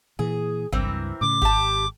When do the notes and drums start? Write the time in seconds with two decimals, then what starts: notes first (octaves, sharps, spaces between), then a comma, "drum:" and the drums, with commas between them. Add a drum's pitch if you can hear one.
0.19 A#2 E3 G#4
0.72 C#2 G2 E3 C4 A#4, drum: kick G1
1.21 A2 C#3 D6
1.42 G#1 G4 A5, drum: kick G1